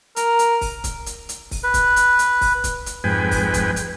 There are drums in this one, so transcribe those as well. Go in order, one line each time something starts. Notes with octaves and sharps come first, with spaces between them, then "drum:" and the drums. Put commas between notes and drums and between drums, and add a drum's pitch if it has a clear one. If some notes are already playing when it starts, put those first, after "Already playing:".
A#4, drum: hi-hat
drum: hi-hat
drum: kick, open hi-hat
drum: kick, hi-hat
drum: hi-hat
drum: hi-hat
drum: kick, open hi-hat
B4
drum: kick, hi-hat
drum: hi-hat
drum: hi-hat
drum: kick, open hi-hat
drum: kick, hi-hat
drum: hi-hat
F2 G#2 B4 G5 G#5
drum: kick, open hi-hat
drum: kick, hi-hat
drum: hi-hat